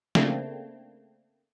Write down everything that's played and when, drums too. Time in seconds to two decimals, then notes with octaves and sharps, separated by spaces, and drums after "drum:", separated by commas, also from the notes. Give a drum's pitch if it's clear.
0.15 C#3 A3 A#3 C4 D4, drum: snare